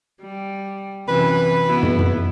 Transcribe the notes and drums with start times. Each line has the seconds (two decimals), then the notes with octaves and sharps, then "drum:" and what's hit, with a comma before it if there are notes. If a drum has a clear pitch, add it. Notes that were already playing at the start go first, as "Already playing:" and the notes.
0.22 G3
1.08 F#2 C3 E3 B4
1.64 B3 E4 F#4
1.83 drum: tom
1.99 drum: tom